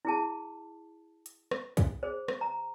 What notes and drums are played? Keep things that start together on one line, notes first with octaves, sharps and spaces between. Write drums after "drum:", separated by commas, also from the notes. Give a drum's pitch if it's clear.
E4 G#4 A5
drum: hi-hat
drum: rim click
drum: kick, hi-hat
G#4 C5
drum: rim click
A#5